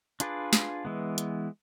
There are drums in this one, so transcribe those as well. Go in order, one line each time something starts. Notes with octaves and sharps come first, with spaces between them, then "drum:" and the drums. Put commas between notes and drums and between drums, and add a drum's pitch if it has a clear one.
D4 F4 G#4 B4 D5, drum: hi-hat
drum: snare
E3 G#3 B3
drum: hi-hat